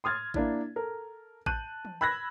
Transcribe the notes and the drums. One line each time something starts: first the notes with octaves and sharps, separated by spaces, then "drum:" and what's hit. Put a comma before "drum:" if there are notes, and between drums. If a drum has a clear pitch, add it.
C6 D#6 F6 G#6 A6
A#3 D4 E4, drum: kick A1
A4 A#4
A5 F#6 G6 D#7, drum: kick A1
drum: tom E3
B5 E6 F#6 G#6 A#6